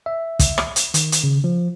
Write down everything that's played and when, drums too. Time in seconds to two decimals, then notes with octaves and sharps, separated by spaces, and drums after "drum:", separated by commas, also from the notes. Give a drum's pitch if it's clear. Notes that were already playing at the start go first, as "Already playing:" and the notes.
0.06 E5
0.39 drum: kick, hi-hat
0.58 drum: rim click
0.76 drum: hi-hat
0.94 D#3, drum: hi-hat
1.12 drum: hi-hat
1.24 C#3
1.44 F3